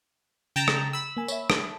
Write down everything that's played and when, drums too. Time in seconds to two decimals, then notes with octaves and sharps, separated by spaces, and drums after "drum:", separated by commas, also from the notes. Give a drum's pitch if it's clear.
0.56 C#3 G5 A5 A#5
0.68 drum: rim click
0.93 B5 E6
1.17 A#3 G#5
1.28 C#5 E5, drum: tambourine
1.50 A5, drum: rim click